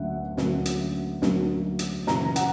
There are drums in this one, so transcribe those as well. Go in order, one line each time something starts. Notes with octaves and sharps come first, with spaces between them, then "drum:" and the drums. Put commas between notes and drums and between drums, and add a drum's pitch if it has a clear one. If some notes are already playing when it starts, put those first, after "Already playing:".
Already playing: D2 D3 F#3 A#3 C#4 E5 F#5
D2 D3 F#3 A#3 C#4, drum: snare
drum: hi-hat
D2 D3 F#3 A#3 C#4, drum: snare
drum: hi-hat
F#2 C#3 E3 A#5, drum: snare
F#5, drum: hi-hat